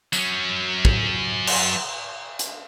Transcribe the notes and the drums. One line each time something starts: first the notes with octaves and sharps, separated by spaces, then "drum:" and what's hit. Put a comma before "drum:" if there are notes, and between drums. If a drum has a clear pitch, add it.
F#3 C#4, drum: tambourine
drum: kick
drum: cymbal
drum: hi-hat